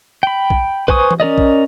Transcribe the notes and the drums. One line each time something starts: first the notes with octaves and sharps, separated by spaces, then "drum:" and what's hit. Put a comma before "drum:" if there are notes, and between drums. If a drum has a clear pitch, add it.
G5 B5
drum: kick A#1
B4 C5 G#5 C#6 D#6, drum: kick A#1
drum: tom E3
C#4 A#4 D5 D#5
drum: kick A#1